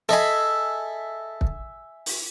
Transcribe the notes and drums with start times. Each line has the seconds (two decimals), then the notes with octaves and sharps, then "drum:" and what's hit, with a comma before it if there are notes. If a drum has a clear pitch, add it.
0.09 G#4 A4 D#5 E5 B5
1.41 drum: kick
2.06 drum: open hi-hat